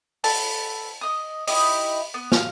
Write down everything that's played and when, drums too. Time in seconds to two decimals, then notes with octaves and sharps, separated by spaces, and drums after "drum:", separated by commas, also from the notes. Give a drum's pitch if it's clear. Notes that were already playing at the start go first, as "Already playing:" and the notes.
0.24 A4 B4 A5, drum: open hi-hat
1.01 D#5 D#6
1.47 D#4 E4 G4 D#5, drum: open hi-hat
2.14 B3
2.32 F5 F6, drum: snare